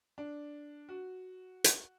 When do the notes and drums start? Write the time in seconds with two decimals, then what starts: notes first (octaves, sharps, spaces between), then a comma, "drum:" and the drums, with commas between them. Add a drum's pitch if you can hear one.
0.18 D4
0.89 F#4
1.64 drum: hi-hat